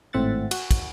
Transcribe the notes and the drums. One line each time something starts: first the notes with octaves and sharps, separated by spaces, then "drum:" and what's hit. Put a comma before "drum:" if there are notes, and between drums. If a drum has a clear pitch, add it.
G#1 A2 C4 E5 F#5 A6
F#4, drum: cymbal
drum: kick, cymbal